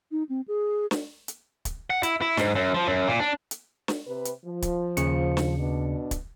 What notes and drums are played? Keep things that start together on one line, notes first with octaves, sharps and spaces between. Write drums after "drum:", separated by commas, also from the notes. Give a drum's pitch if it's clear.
D#4
C4
G#4
drum: snare
drum: hi-hat
drum: kick, hi-hat
F#5
E4, drum: hi-hat
E4
G#2, drum: snare
F#2
F3
F#2
A#2
D4
drum: hi-hat
drum: snare
C3 B4
drum: hi-hat
F3
drum: kick, hi-hat
D#2 C#3 C#7, drum: hi-hat
drum: snare
B2 D4
drum: kick, hi-hat